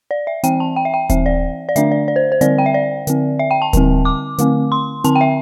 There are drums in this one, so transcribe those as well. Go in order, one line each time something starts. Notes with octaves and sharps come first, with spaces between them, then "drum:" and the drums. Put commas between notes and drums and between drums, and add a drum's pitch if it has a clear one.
D5
E5
E3 C4 G5, drum: hi-hat
A5
G5
E5
G5
E3 C4 E5, drum: kick D#1, hi-hat
D5
D5
D3 A3 D4 E5, drum: hi-hat
D5
D5
C5
C5
D3 G3 C4 D5, drum: hi-hat
G5
E5
D5
D3 C4, drum: hi-hat
E5
G5
A5
D3 G3 C4, drum: kick D#1, hi-hat
D6
D3 A3 C4, drum: hi-hat
C6
D3 C4 A5, drum: hi-hat
G5
E5